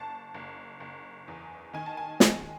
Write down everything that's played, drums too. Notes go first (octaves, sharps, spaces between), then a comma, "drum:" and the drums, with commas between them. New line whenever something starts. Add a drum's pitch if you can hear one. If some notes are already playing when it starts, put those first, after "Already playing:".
Already playing: F#1 A5
F#1
F#1
E2
D#3 G#5
A5
G#5
G#3, drum: snare